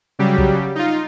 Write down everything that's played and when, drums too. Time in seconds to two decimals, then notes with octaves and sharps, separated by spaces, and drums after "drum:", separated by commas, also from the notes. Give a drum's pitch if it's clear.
0.19 C#3 F#3 G3 G4
0.38 drum: kick
0.75 D#4 F4